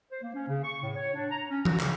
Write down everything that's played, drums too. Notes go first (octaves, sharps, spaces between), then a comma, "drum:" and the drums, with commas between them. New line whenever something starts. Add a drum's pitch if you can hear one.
C5
A#3
C#4
C#3
C#6
A2
C#5
D4
A#5
C#4
F#4, drum: tom E3
C#3, drum: clap